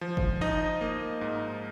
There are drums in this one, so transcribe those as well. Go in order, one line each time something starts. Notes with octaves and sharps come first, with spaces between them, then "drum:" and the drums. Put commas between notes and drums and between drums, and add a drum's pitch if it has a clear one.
F3
drum: kick F#1
D#4 D#5
A#3
G#2